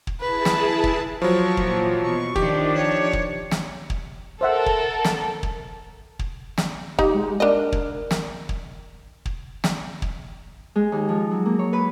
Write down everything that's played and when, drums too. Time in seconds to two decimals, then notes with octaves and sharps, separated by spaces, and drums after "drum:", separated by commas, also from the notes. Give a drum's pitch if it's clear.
0.07 drum: kick
0.21 E4 G#4 B4 A5
0.45 drum: snare
0.84 drum: kick
1.22 F3 F#3 C#6
1.57 A#2 E3, drum: kick
2.03 B2 C#6
2.36 D#3 F3 D4 G4, drum: kick
2.75 C#5
3.13 drum: kick
3.51 drum: snare
3.90 drum: kick
4.41 A4 A#4 C5 E5 F#5
4.66 drum: kick
5.05 drum: snare
5.43 drum: kick
6.19 drum: kick
6.58 drum: snare
6.99 D#4 G4, drum: kick
7.14 G#3
7.40 D4 A#4 D#5
7.72 drum: kick
8.11 drum: snare
8.49 drum: kick
9.25 drum: kick
9.64 drum: snare
10.02 drum: kick
10.76 G#3
10.92 D#2
11.09 F3
11.31 F#3
11.45 A#3
11.59 C#5
11.73 B4